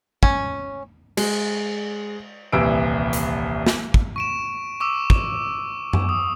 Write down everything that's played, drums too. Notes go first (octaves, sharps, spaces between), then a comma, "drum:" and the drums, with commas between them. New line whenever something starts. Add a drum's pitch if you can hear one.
C#4, drum: kick
G#3, drum: cymbal
D#1 C2 E3 E6 D7
drum: hi-hat
drum: snare
drum: kick
C#6 D7 E7
C#6 D6 E6
drum: kick
drum: tom F#2
D#6